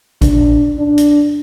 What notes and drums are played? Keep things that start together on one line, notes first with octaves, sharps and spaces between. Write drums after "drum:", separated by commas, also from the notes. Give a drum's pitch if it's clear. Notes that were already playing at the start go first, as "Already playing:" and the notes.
D4, drum: kick G#1, hi-hat
D4
drum: hi-hat